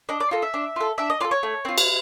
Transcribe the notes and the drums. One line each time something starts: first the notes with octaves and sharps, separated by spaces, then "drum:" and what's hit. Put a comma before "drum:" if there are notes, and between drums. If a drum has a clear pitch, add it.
D4 D#5
D5
F4 A4 D#5
E5
D4
F4 A4
D4 E5
D#5
F4 A4 D5
C#5
A3
C4 F4
drum: cymbal